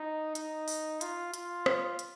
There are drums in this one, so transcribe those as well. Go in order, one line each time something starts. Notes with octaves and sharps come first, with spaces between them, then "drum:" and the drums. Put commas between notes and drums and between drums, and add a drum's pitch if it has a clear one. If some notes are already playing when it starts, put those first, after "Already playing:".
Already playing: D#4
D#4, drum: hi-hat
drum: open hi-hat
F4, drum: hi-hat
F4, drum: hi-hat
drum: rim click
drum: hi-hat